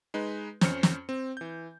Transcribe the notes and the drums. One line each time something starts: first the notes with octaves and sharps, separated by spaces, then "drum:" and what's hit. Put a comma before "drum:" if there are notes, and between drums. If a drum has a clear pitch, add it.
G#3 D#4 B4
F2 C#4 C5 F6 C#7, drum: snare
drum: snare
C4
E3 G6